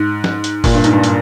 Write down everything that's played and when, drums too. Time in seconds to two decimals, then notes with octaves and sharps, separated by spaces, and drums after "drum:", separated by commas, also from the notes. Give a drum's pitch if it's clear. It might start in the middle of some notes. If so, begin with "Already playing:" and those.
Already playing: G#2
0.24 drum: snare
0.44 drum: hi-hat
0.64 A#2, drum: kick F#1, open hi-hat
0.74 G2
0.84 G#2, drum: hi-hat
0.93 G2
1.04 drum: hi-hat